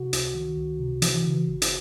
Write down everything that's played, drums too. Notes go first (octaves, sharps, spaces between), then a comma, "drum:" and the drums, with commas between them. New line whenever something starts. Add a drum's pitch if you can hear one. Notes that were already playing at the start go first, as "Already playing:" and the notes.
Already playing: C3 F#4
C#2, drum: hi-hat
D#3
C#2
C3
E3, drum: hi-hat
C#3
G1
drum: hi-hat